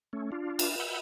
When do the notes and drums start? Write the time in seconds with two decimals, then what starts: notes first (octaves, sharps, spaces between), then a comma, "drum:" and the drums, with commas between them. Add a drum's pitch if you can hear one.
0.13 A3 C#4
0.32 D4 F4
0.59 drum: cymbal
0.80 F#5 B5 E6 G6